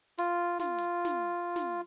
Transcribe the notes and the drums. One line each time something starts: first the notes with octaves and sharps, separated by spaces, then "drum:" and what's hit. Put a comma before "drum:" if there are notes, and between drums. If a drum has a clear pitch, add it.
F4, drum: hi-hat
F4, drum: snare
drum: hi-hat
drum: snare
drum: snare